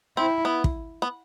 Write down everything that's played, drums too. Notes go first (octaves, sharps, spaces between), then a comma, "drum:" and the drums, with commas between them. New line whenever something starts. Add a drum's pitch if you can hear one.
C4 E4
B3
drum: kick
B3